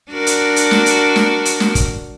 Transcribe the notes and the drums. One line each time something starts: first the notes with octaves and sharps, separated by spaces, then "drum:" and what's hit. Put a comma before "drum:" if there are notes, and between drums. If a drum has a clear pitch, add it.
D4 F#4 A#4
drum: hi-hat
drum: hi-hat
drum: snare
drum: hi-hat
drum: snare
drum: hi-hat
drum: snare
drum: kick, hi-hat